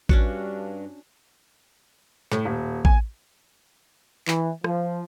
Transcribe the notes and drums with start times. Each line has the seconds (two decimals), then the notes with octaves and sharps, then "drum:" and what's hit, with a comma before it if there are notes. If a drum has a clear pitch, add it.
0.09 G2 C#4 D4 F#4, drum: kick A1
2.32 A2, drum: snare
2.45 D#1
2.85 G#5, drum: kick A1
4.28 E3, drum: clap
4.64 F3, drum: rim click